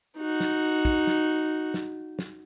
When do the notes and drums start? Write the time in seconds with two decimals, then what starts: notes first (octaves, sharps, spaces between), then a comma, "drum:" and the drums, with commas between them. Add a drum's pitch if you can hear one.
0.18 D#4 F#4
0.40 drum: snare
0.85 drum: kick
1.07 drum: snare
1.74 drum: snare
2.19 drum: snare